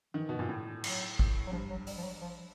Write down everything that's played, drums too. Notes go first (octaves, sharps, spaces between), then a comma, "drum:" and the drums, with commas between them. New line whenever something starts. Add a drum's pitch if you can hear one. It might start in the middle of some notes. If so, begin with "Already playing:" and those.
D#3 E3
B2
A#2
A2
F#3, drum: cymbal
drum: kick A1
F#3
G2 F3
F#3
G3, drum: open hi-hat
F3
F#3
F3